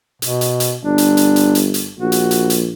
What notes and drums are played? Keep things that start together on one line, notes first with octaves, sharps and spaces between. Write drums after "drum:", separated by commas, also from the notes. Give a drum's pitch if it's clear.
B2, drum: hi-hat
drum: hi-hat
drum: hi-hat
G1 D4
drum: hi-hat
drum: hi-hat
drum: hi-hat
drum: hi-hat
drum: hi-hat
A#1 F#4
drum: hi-hat
drum: hi-hat
drum: hi-hat